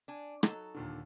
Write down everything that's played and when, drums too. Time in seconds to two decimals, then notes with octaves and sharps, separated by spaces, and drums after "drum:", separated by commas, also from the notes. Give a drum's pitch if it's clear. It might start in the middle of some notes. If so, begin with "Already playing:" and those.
0.08 D4 G#5
0.43 F#3 D#4 A4, drum: rim click
0.74 D#2 A#2 D3